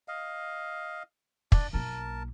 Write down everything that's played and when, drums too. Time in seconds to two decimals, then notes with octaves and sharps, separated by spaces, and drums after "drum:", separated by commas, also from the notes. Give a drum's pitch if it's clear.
0.08 D#5 F5
1.52 D4 D5, drum: kick
1.73 B1 A#3 A#4 A5